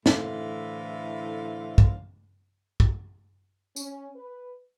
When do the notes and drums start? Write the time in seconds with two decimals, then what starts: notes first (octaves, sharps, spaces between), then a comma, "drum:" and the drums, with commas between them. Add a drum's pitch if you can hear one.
0.06 A2 D3 E3 C5 F5, drum: snare
1.78 drum: kick
2.80 drum: kick
3.76 C#4, drum: tambourine
4.16 B4